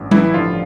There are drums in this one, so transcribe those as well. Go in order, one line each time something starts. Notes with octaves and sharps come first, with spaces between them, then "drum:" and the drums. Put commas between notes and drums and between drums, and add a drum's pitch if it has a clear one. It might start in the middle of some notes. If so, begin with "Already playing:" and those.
Already playing: A1 G2
E3 E4, drum: tom F#3
A1 G2 D3 F3 F4